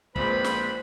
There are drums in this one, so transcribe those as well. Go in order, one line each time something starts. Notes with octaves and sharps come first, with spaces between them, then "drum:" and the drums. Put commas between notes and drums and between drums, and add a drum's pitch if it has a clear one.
A#1 A#2 G#3 C4 B4 C5 B5, drum: kick
drum: snare